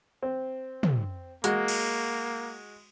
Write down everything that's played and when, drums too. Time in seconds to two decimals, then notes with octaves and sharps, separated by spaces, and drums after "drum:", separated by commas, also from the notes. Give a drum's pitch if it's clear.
0.23 C4
0.83 drum: tom
1.44 G#3 A#3 F#4, drum: hi-hat
1.68 drum: cymbal